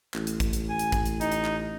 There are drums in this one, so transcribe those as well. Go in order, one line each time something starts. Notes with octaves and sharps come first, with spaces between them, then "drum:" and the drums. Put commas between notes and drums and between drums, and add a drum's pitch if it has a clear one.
A1, drum: clap
drum: hi-hat
drum: kick, hi-hat
drum: hi-hat
G#5
drum: hi-hat
drum: kick, hi-hat
drum: hi-hat
D#4, drum: hi-hat
drum: hi-hat
drum: clap